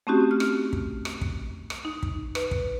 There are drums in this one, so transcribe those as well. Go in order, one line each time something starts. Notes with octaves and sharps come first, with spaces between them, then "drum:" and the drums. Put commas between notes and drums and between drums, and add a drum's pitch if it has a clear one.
A3 C4 C#4 D#4 F#4 G4
F6
drum: rim click
drum: kick
drum: rim click
drum: kick
drum: rim click
D#4
drum: kick
B4, drum: rim click
drum: kick